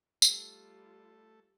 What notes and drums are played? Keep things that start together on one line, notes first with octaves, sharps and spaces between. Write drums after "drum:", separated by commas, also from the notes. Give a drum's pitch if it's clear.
G3 A3 F4 A4, drum: tambourine